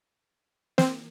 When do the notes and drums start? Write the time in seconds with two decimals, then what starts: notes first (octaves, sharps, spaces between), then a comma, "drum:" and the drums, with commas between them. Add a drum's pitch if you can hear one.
0.78 C4, drum: snare